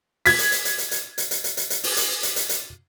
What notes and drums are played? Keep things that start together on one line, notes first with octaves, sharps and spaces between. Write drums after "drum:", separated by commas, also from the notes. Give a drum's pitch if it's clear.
G#6 B6, drum: open hi-hat
drum: hi-hat
drum: hi-hat
drum: hi-hat
drum: hi-hat
drum: hi-hat
drum: hi-hat
drum: hi-hat
drum: hi-hat
drum: hi-hat
drum: hi-hat
drum: open hi-hat
drum: hi-hat
drum: hi-hat
drum: hi-hat
drum: hi-hat